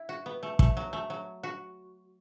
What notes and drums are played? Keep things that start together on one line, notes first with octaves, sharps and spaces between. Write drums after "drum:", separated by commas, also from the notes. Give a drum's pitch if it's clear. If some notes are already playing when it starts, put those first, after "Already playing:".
Already playing: E4
F#4
B3
A3
A3, drum: kick
F#3
A3
F#3
F#4